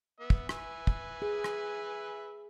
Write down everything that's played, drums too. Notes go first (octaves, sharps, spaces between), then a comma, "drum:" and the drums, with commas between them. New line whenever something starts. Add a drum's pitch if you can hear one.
B3 E5
drum: kick
B4 E5 G#5, drum: rim click
drum: kick
G#4
drum: rim click